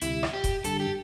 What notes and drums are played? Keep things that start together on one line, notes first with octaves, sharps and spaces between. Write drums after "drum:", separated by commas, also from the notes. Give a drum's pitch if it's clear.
D2 C3 G3 E4, drum: hi-hat
drum: rim click
G4
drum: kick E1, hi-hat
G2 D3 G3 A4, drum: hi-hat
G4